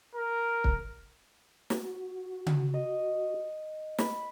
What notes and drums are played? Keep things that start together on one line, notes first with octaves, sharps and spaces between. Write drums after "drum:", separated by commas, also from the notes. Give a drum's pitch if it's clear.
A#4
drum: kick
F#4, drum: snare
drum: tom C#3
D#5
B5, drum: snare